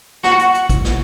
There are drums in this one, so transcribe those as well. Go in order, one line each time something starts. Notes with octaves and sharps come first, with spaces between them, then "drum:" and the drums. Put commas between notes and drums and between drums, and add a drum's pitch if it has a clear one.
F#4, drum: snare
drum: hi-hat
drum: hi-hat
drum: kick, hi-hat
drum: snare